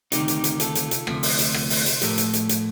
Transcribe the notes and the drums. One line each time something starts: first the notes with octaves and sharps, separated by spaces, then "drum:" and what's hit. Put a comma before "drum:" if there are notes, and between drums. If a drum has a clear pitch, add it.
D2 C3 D#3 D#4 G4, drum: hi-hat
drum: hi-hat
drum: hi-hat
F4 A4, drum: hi-hat
drum: hi-hat
drum: hi-hat
D2 C3 F3 A3, drum: rim click
drum: open hi-hat
drum: hi-hat
drum: rim click
drum: open hi-hat
drum: hi-hat
A2 F3 A3 G4 A#4, drum: hi-hat
drum: hi-hat
drum: hi-hat
drum: hi-hat